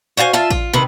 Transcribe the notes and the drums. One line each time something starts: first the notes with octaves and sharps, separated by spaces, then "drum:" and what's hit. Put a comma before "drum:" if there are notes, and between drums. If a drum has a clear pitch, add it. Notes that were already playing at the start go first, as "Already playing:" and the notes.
F#4 C5 F5 G#5
F4 E5 F5 A5
F4, drum: kick A1
C3 D#3 B4